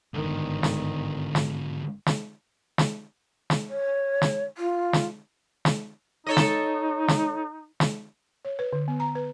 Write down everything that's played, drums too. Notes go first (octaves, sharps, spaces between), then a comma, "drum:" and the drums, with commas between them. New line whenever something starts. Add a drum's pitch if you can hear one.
G1 G#2 D3 D#3
drum: snare
drum: snare
drum: snare
drum: snare
drum: snare
C#5
drum: snare
F4
drum: snare
drum: snare
D#4 A4 C#5 D#5
drum: snare
drum: snare
drum: snare
C#5
B4
D3
B3
A#5
B4